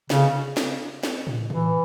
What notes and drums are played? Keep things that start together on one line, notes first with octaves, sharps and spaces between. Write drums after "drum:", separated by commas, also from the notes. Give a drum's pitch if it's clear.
C#3, drum: snare
drum: snare
drum: snare
drum: tom A2
E3, drum: tom A2